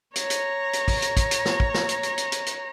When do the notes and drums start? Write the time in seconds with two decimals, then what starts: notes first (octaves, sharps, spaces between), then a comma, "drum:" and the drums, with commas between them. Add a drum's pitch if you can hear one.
0.16 C#5 A#5, drum: hi-hat
0.30 drum: hi-hat
0.73 drum: hi-hat
0.88 drum: kick, open hi-hat
1.02 drum: hi-hat
1.17 drum: kick, hi-hat
1.31 drum: hi-hat
1.45 drum: snare
1.60 drum: kick
1.74 drum: snare
1.89 drum: hi-hat
2.03 drum: hi-hat
2.18 drum: hi-hat
2.32 drum: hi-hat
2.46 drum: hi-hat